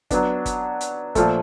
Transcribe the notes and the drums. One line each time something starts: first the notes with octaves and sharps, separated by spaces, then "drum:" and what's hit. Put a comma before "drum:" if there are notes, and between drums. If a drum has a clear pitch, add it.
F#3 B3 D4, drum: kick G1, hi-hat
drum: kick G1, hi-hat
drum: hi-hat
A#2 F3 A3, drum: kick G1, hi-hat